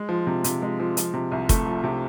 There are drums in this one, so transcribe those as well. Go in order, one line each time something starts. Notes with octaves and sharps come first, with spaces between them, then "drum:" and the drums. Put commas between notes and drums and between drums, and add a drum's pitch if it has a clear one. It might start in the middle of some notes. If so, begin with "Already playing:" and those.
Already playing: G#3
F3
C3
C3, drum: hi-hat
G#3
F3
F3, drum: hi-hat
C3
C2
A3, drum: kick, hi-hat
F3
C3